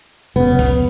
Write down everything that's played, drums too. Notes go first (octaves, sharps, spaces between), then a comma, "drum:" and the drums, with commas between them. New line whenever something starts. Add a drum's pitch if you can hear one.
F1 C#3 B3
drum: kick B1, open hi-hat